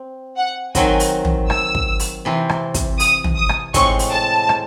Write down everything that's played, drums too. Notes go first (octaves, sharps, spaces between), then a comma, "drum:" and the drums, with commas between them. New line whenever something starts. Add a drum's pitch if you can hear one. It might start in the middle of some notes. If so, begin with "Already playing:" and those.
Already playing: C4
F#5
D#3 F#3 C4 F#4 G#5, drum: kick, hi-hat
drum: open hi-hat
drum: tom
E6, drum: rim click
drum: kick
drum: open hi-hat
C3 E3 C4
drum: rim click
drum: kick, hi-hat
D#6, drum: open hi-hat
drum: tom
D#6
drum: rim click
A2 G#3 C4 C#6, drum: kick, hi-hat
drum: open hi-hat
A5
drum: rim click